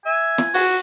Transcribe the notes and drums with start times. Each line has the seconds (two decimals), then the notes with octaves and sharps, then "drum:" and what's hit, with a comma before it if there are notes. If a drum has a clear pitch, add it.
0.06 E5 G#5
0.38 drum: snare
0.54 F#4, drum: open hi-hat